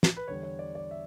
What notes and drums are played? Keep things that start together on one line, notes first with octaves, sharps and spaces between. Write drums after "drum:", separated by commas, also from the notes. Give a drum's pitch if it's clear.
drum: snare
B4
E2 D3 G3 C#5
C#5
D5
D5
E5